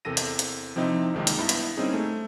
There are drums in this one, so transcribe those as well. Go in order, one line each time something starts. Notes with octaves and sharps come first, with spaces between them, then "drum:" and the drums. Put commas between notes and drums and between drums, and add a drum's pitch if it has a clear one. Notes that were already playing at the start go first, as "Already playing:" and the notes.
E2 C3 A4 A#4 A#6 D#7
drum: hi-hat
drum: hi-hat
C3 F3 C4 D#4 E4
C2 F2 C3 D#3 G#3 A#3
drum: hi-hat
G2 B3 E4
drum: hi-hat
G3 A#3 C4 C#4 D#4 G#4
A3